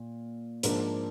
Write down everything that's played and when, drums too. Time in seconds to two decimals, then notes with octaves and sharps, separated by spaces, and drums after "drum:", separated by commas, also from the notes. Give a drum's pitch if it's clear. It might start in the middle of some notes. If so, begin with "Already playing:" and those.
Already playing: A#2
0.63 G#2 F3 A#3 D4, drum: hi-hat